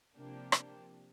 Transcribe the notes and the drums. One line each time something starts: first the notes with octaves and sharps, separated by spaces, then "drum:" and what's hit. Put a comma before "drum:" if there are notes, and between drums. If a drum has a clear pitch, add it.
C3 F3 A#3 D4 G4
drum: rim click